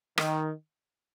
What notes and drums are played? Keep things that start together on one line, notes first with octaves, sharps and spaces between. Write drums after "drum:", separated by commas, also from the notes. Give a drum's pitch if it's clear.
D#3, drum: rim click